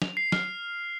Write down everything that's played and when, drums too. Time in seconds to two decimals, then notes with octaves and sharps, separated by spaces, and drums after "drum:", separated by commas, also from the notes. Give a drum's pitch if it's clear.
0.02 F7, drum: snare
0.17 C7
0.32 F6, drum: snare